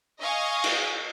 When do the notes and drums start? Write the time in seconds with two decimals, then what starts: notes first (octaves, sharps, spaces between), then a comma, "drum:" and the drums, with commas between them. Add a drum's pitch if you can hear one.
0.20 D#5 F5 G#5 C#6 D#6
0.64 drum: cymbal